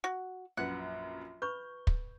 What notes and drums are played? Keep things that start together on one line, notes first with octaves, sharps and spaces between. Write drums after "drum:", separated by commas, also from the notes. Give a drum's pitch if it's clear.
F#4
A#1 F#2 B4 F#5
B4 B5 C#6 G6
drum: kick